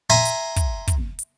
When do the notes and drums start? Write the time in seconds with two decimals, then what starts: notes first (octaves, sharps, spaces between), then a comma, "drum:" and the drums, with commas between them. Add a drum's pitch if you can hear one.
0.10 E5 G#5 A#5 C6
0.25 drum: hi-hat
0.56 drum: kick, hi-hat
0.87 drum: kick, hi-hat
1.19 drum: hi-hat